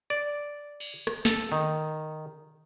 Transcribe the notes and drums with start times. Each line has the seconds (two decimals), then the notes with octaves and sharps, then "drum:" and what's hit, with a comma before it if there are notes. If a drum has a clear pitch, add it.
0.10 D5
0.80 drum: cymbal
1.07 drum: rim click
1.25 A4, drum: snare
1.52 D#3